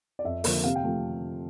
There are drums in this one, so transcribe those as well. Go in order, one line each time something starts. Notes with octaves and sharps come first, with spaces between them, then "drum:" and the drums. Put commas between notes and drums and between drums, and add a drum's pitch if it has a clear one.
D5
F2 E5
D3 F3 A#3, drum: open hi-hat
C3 F5
G5
F3 A3